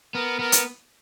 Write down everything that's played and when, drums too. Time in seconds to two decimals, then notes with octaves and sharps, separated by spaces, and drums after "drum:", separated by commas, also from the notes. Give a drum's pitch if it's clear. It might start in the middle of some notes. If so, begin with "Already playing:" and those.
0.15 B3 A#4
0.39 B3 A#4
0.52 drum: hi-hat